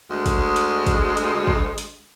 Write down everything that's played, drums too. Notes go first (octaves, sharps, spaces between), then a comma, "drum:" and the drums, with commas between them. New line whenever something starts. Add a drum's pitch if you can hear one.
D2 G#3
drum: kick, hi-hat
drum: hi-hat
drum: kick, hi-hat
drum: hi-hat
drum: kick
drum: hi-hat